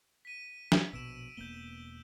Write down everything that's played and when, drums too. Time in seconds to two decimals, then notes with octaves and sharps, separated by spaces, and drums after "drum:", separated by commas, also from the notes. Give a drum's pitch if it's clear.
0.25 B6 D#7
0.72 drum: snare
0.93 A#1 B2 E6 D7 E7
1.37 E1 A#3 B3 G6 G7